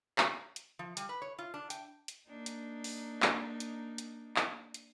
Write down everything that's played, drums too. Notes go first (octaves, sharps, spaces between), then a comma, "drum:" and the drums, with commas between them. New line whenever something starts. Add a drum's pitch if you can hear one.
drum: clap
drum: hi-hat
F3
G3, drum: hi-hat
B4
C#5
F4
D4
G5, drum: hi-hat
drum: hi-hat
A#3 D4 D#4
drum: hi-hat
drum: open hi-hat
drum: clap
drum: hi-hat
drum: hi-hat
drum: clap
drum: hi-hat